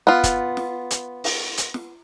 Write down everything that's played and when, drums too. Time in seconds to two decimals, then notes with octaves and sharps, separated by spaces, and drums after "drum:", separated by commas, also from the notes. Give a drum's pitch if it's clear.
0.07 B3 F4
0.24 drum: kick, hi-hat
0.57 drum: snare
0.91 drum: hi-hat
1.24 drum: open hi-hat
1.58 drum: hi-hat
1.74 drum: snare